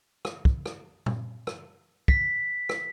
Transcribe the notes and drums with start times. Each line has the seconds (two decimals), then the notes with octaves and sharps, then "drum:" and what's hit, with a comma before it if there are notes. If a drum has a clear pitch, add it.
0.25 drum: rim click
0.45 drum: kick
0.66 drum: rim click
1.06 drum: tom A#2
1.47 drum: rim click
2.08 B6, drum: kick
2.69 drum: rim click